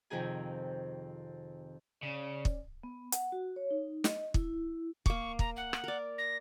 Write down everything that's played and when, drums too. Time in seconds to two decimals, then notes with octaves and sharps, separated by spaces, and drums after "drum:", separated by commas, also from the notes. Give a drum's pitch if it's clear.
0.10 F2 C3 D#3 G#4 G#5
2.03 C#3 C#4 D5
2.45 drum: kick
2.84 B3
3.12 F#5, drum: hi-hat
3.32 F#4
3.56 C#5
3.71 D#4
4.04 D#5, drum: snare
4.34 E4, drum: kick
5.06 A#3 C#6 D6, drum: kick
5.39 A#5, drum: kick
5.56 F#5
5.73 drum: rim click
5.84 A#4 D5
6.18 A#6